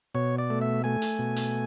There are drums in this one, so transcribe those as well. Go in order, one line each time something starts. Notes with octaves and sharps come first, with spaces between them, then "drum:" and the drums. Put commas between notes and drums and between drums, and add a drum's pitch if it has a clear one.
B2 C#5
D5
A3
E5
A3 G#5
drum: hi-hat
B2
drum: hi-hat